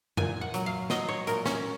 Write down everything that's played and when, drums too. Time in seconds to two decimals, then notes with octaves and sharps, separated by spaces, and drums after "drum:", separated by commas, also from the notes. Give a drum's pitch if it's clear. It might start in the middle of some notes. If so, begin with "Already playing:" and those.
0.17 A#2 G#5, drum: tom F2
0.41 F#5
0.54 F#3, drum: hi-hat
0.66 F5
0.90 F#3 D#5, drum: snare
1.08 C#5
1.27 A#2 A#4, drum: hi-hat
1.46 C#4, drum: snare